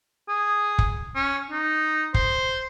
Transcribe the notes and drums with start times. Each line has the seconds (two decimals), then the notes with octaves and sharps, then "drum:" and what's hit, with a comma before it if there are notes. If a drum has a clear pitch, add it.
0.28 G#4
0.78 drum: kick
1.15 C#4
1.51 D#4
2.14 C5, drum: kick